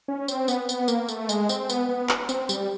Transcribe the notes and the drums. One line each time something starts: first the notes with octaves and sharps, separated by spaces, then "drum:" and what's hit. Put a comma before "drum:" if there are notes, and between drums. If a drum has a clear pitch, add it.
C#4
C4, drum: tambourine
B3, drum: tambourine
B3, drum: tambourine
A#3, drum: tambourine
A3, drum: tambourine
G#3, drum: tambourine
C4, drum: tambourine
B3, drum: tambourine
B3
drum: clap
C4, drum: tambourine
G3, drum: tambourine